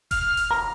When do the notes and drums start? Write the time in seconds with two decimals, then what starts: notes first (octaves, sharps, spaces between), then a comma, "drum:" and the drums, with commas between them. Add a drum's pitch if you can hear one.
0.11 F6, drum: kick F1, hi-hat
0.37 drum: hi-hat
0.51 A#5